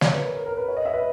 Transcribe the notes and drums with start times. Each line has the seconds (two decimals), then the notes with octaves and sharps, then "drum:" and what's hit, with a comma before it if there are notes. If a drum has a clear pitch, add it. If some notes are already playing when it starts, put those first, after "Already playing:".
0.01 C#5, drum: snare
0.13 B4
0.23 A#4
0.35 A#4
0.46 A#4
0.57 B4
0.68 C#5
0.77 D#5
0.85 E5
0.94 B4